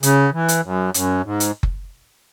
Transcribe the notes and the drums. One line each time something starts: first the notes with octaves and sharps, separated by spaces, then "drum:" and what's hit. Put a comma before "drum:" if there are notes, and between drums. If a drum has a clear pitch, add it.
C#3, drum: hi-hat
E3
drum: hi-hat
F#2
F#2, drum: hi-hat
G#2
drum: hi-hat
drum: kick F#1